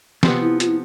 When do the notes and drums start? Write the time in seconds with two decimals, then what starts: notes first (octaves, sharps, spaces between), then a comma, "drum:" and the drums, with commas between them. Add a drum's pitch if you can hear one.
0.23 C3 F3 B3, drum: snare
0.42 E4
0.60 F4, drum: hi-hat
0.68 E4